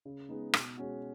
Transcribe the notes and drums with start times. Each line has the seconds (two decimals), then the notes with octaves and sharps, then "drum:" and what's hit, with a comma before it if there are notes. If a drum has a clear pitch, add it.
0.05 C#3
0.29 G#3 B3 D#4
0.54 B2, drum: rim click
0.78 G#3 C#4 F#4